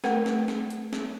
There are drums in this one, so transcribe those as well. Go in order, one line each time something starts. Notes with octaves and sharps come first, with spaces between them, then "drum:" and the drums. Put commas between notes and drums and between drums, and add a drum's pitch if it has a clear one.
A3 A#4 B4 F#5, drum: snare
drum: snare
drum: snare
drum: hi-hat
drum: snare